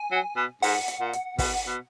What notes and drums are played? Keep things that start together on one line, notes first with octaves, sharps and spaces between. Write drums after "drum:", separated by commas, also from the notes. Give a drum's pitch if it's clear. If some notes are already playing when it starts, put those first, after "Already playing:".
Already playing: G#5
F#3
B2
G#2 F#5, drum: open hi-hat
drum: hi-hat
A#2
drum: hi-hat
B2, drum: kick, open hi-hat
B2